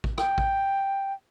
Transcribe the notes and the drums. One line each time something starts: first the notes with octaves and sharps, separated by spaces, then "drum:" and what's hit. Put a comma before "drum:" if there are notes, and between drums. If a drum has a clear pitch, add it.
drum: kick A1
G5, drum: rim click
drum: kick A1